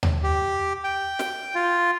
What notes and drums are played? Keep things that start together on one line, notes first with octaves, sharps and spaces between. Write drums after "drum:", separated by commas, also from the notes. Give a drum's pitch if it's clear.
drum: tom D#2
G4
G5
drum: snare
F4